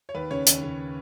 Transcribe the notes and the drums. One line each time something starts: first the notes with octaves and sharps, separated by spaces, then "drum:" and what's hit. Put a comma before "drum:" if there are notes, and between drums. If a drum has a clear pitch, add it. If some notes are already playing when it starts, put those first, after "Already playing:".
C#5
D#2 B4
C#3 C#5
D#2, drum: hi-hat
C#3